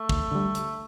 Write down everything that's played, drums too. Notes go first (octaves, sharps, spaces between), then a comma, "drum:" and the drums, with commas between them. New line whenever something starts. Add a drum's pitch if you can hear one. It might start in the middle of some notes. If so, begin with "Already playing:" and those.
Already playing: A3
D2, drum: kick
D3 G3
drum: hi-hat